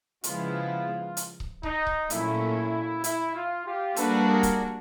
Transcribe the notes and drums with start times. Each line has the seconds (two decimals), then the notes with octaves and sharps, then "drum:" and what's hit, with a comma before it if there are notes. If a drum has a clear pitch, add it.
0.24 C#3 F3 G#3 B3 E4 F4, drum: hi-hat
1.17 drum: hi-hat
1.40 drum: kick C#1
1.63 D#4, drum: kick C#1
1.87 drum: kick C#1
2.10 A#2 F#3 A3 C#4 E4, drum: hi-hat
3.04 E4, drum: hi-hat
3.34 F4
3.65 F4 G4
3.96 G3 A#3 D4 F#4 A4 B4, drum: hi-hat
4.27 G#4 A#4
4.43 drum: kick C#1, hi-hat